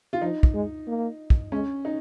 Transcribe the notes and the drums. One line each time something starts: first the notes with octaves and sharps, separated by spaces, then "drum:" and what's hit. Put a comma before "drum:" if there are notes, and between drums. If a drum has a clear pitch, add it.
F4
F3 D#4
drum: kick
G#3
A#3
drum: kick
G#3 C#4
D#4